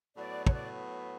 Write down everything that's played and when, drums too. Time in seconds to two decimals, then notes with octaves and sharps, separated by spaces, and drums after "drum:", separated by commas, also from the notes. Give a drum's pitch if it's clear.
0.15 A2 F#3 B3 D5
0.47 C#5, drum: kick
0.54 D5